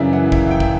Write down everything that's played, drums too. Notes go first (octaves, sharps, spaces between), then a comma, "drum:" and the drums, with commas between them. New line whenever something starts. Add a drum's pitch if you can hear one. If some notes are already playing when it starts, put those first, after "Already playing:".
Already playing: F#2 C#3 E3 D5 E5
F#5
E5, drum: kick
G5
drum: kick